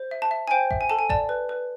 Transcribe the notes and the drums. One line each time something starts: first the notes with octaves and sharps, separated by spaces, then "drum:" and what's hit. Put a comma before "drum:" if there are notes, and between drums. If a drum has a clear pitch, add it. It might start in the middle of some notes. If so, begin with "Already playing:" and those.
Already playing: C5
E5
A5
E5
G#5
C5 G5
E5, drum: kick A1
G#5
A4 A5
G#5
D5 A5, drum: kick A1
B4
B4